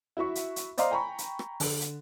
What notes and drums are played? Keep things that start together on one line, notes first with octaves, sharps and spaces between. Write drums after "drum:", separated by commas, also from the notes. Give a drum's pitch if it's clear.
E4 F#4 E5 C#6
drum: hi-hat
drum: hi-hat
C5 D5 D#5 F5 A#5 C6, drum: hi-hat
G5 G#5 A#5 B5 C#6
drum: hi-hat
drum: rim click
D3, drum: open hi-hat
drum: hi-hat